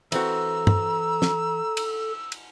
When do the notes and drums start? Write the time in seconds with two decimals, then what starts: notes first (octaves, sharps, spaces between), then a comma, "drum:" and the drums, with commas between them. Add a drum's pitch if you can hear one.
0.12 E3 C4 F#4 A4 A#5 E6, drum: cymbal
0.67 drum: tom
1.22 drum: snare
1.77 drum: cymbal
2.32 drum: cymbal